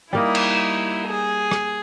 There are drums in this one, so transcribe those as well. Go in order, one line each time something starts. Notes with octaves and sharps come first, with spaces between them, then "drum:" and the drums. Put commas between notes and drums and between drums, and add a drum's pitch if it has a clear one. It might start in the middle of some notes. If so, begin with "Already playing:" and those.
G3 A#3 D#4 E4 D#5
drum: cymbal
G#4
drum: rim click